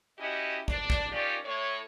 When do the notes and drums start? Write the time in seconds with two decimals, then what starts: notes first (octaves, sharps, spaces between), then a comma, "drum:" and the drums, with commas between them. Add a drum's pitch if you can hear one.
0.19 C#4 E4 F#4 G4 D#5
0.68 D4, drum: kick
0.90 drum: kick
1.12 D#3 C#4 F4 G4 D5
1.44 A2 C#5